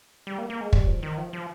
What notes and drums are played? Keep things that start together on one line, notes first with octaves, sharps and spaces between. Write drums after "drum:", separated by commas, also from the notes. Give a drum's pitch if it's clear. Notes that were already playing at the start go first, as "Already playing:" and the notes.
G3
A#3
A#3
G#3
G3, drum: kick
F3
D#3
F3
F3